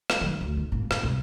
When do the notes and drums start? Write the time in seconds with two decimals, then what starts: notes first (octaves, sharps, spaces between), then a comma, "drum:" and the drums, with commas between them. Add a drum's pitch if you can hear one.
0.10 drum: rim click
0.21 D#3 F#3
0.41 D2
0.57 D#3
0.72 G#1 A#2
0.91 G#2, drum: rim click
1.03 C2